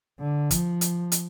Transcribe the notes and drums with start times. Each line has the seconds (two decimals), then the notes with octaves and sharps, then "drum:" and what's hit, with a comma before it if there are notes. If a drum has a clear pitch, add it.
0.20 D3
0.51 F3, drum: kick, hi-hat
0.81 drum: hi-hat
1.12 drum: hi-hat